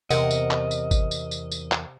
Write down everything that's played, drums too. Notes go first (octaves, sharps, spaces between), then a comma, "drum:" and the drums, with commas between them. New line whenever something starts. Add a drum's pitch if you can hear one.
E2 C3 A#4 D#5 F#5, drum: tambourine
drum: tambourine
drum: clap
drum: tambourine
drum: kick G1, tambourine
drum: tambourine
drum: tambourine
drum: tambourine
drum: clap